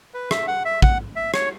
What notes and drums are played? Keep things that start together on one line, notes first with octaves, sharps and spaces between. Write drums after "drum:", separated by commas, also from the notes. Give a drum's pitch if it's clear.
B4
E5, drum: rim click
F#5
E5
F#5, drum: kick
E5
C#5, drum: rim click